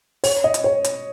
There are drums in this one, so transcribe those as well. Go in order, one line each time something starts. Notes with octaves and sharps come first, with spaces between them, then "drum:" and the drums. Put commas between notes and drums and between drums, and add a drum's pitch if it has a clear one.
C#5, drum: open hi-hat
D#5
drum: hi-hat
C#5
drum: hi-hat